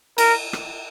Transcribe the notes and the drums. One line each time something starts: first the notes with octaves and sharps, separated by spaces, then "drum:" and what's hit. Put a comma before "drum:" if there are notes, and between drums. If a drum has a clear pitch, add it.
A#4, drum: cymbal
drum: rim click